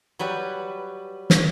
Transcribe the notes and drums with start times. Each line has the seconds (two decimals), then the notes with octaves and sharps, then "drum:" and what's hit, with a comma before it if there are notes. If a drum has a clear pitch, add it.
0.19 F#3 G3 B4
1.30 drum: snare